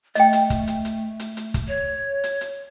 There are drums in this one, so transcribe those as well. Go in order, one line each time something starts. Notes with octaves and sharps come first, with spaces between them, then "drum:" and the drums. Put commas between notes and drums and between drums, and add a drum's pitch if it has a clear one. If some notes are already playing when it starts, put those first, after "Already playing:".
A3 D#5 G5, drum: hi-hat
drum: hi-hat
drum: kick, hi-hat
drum: hi-hat
drum: hi-hat
drum: hi-hat
drum: hi-hat
drum: kick, hi-hat
C#5
drum: hi-hat
drum: hi-hat